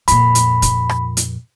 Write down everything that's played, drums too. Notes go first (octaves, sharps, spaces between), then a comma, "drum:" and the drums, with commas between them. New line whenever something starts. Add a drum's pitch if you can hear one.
F2 A#2 B5, drum: hi-hat
drum: hi-hat
drum: kick, hi-hat
drum: rim click
drum: hi-hat